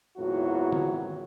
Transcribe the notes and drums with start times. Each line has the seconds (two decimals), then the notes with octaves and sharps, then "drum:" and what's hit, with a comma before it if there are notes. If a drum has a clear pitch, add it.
0.18 G#1 E2 A#2 F#3 E4 F#4
0.72 drum: tom D3